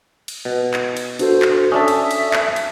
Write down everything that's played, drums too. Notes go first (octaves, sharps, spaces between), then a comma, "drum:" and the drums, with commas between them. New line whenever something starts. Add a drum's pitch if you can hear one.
drum: cymbal
B2
drum: clap
drum: cymbal
D4 F#4 A4 C5, drum: cymbal
drum: clap
C#4 D4 A4 E5 D#6
drum: cymbal
drum: cymbal
drum: clap
drum: cymbal